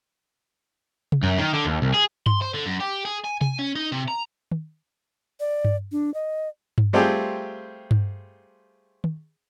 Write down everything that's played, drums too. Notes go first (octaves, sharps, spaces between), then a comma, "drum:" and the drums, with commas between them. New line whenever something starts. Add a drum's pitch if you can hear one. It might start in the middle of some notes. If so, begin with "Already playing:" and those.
drum: tom C3
F#2
D#3
D3
D#2
C2
G#4
C6, drum: tom G2
C5
D3
F#2
G4
G#4
G#5
G#5, drum: tom C3
C#4
D#4
C3
A#5
drum: tom
D5
drum: tom G2
D4
D#5
drum: tom G2
G3 A3 C4 F4 G4 G#4
drum: tom G2
drum: tom